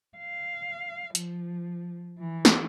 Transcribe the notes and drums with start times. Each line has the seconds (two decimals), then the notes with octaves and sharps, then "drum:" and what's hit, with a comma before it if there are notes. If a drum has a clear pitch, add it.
0.18 F5
1.15 F3, drum: hi-hat
2.19 E3
2.45 drum: snare